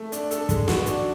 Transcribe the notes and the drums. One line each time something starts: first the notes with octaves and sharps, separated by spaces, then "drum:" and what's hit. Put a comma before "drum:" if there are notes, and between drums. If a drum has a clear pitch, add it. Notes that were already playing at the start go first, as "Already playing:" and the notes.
Already playing: A3
D4, drum: hi-hat
A4, drum: hi-hat
G#3, drum: kick, hi-hat
F#4, drum: snare
D4, drum: hi-hat